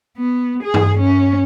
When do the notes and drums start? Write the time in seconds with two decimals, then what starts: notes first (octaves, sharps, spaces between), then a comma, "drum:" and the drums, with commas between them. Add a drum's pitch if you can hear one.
0.18 B3
0.63 G#4
0.74 drum: tom G2
0.98 C#4